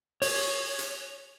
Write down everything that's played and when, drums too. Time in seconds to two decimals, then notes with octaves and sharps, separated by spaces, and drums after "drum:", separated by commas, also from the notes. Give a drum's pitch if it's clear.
0.22 C#5, drum: open hi-hat
0.79 drum: hi-hat